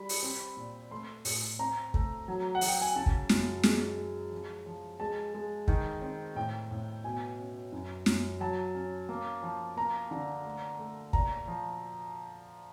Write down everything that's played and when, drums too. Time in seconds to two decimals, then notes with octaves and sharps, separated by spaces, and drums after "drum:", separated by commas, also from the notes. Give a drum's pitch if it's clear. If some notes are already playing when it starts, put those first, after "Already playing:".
Already playing: G3 B5
0.09 drum: open hi-hat
0.23 C4
0.57 A#2
0.91 A3 C6
1.25 A2, drum: open hi-hat
1.59 C4 A#5
1.94 A3, drum: kick
2.28 F#3
2.55 F#5
2.61 F#3, drum: open hi-hat
2.68 G5
2.81 G#5
2.96 C#3 A5
3.06 drum: kick
3.29 F#2, drum: snare
3.63 G#3, drum: snare
3.98 G#3
4.31 F3
4.66 F3
5.00 G#3 A5
5.34 G#3
5.68 D#3, drum: kick
6.02 C4
6.36 A2 G5
6.71 A2
7.04 B2 G#5
7.39 C#4
7.72 F#2
8.06 F#2, drum: snare
8.40 F#3 A5
8.75 C#4
9.09 A#3
9.43 F3
9.77 A#3 A#5
10.11 D3
10.45 A3
10.79 A3
11.13 A#2 A#5, drum: kick
11.48 F3